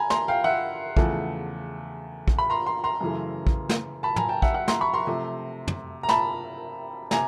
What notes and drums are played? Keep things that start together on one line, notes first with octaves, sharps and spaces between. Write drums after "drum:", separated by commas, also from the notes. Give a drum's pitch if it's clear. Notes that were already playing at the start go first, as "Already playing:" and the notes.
Already playing: G#5 A#5 B5
A#5 C6, drum: snare
F5 G5
E5 F#5
E2 C#3 F3 A3, drum: kick
drum: kick
B5
A#5 C6
A#5 C6
A#5 C6
F#2 C#3 E3 A3
drum: kick
drum: snare
A5 B5
G#5 A#5, drum: tom
G5 A5
E5 F#5, drum: kick
E5 F#5
A#5 C6, drum: snare
B5 C#6
A#5 C6
C3 F3 A3
drum: tom
A#5
A5 B5, drum: snare
C3 G#5 A#5, drum: snare